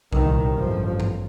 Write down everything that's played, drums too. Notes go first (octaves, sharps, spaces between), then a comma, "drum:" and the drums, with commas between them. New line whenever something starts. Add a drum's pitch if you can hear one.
C2 A#2 D#3, drum: kick A#1
A1 G2 F3
drum: tom G#2